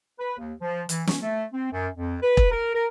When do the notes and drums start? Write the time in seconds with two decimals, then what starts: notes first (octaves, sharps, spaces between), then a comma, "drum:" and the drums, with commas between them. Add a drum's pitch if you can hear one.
0.19 B4
0.38 D#2
0.61 F3
0.89 E3, drum: hi-hat
1.07 C#4, drum: snare
1.21 A3
1.53 C4
1.72 F#2
1.95 F2
2.22 B4
2.37 drum: kick E1
2.51 A#4
2.74 A#4